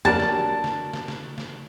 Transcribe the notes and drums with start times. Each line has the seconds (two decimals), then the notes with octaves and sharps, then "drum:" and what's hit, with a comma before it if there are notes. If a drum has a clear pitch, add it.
0.05 F#3 A#3 D4 F#4 G4 A#4 A5 A6
0.20 drum: snare
0.64 drum: snare
0.94 drum: snare
1.08 drum: snare
1.38 drum: snare